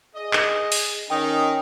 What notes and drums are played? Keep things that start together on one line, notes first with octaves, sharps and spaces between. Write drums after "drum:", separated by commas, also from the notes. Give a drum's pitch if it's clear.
G#4 D#5
drum: clap
drum: open hi-hat
D#3 C#4 D#4 G5 D#6